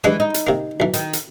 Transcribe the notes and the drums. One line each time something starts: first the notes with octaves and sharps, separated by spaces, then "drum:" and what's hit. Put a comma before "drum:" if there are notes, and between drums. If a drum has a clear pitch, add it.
G2 E3 G#3 D#6
D#4
drum: hi-hat
C3 A#3
B1 E3
D#3, drum: hi-hat
drum: hi-hat